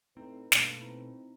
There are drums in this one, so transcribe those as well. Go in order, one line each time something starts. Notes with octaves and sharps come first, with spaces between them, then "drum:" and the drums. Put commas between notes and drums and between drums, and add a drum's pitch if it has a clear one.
A2 C4 D#4 B4
G2 B2 A3 A#3, drum: snare
C4 D#4 E4